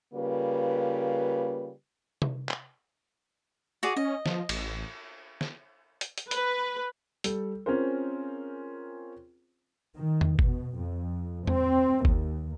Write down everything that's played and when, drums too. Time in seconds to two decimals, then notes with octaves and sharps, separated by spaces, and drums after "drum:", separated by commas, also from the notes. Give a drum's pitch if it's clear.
0.14 C#3 G3 A#3 F4 B4
2.22 drum: tom C3
2.49 drum: clap
3.83 F#4 G#4 D5
3.96 C#4 D#5
4.26 F3, drum: snare
4.49 A1, drum: cymbal
5.41 drum: snare
6.01 drum: hi-hat
6.18 drum: hi-hat
6.31 B4, drum: hi-hat
7.24 G3 A4, drum: hi-hat
7.66 C4 C#4 F4 G#4 A#4 C5
9.94 D#3
10.21 drum: tom E2
10.39 B2, drum: kick G1
10.77 F2
11.47 C4, drum: tom E2
12.05 D#2, drum: kick G1